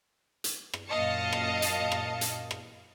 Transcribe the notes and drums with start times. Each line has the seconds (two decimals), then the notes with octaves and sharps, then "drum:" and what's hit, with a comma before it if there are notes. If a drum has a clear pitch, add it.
0.44 drum: hi-hat
0.74 drum: rim click
0.88 F#2 A#2 D#5 F5 A5 C#7
1.33 drum: rim click
1.62 drum: hi-hat
1.92 drum: rim click
2.21 drum: hi-hat
2.51 drum: rim click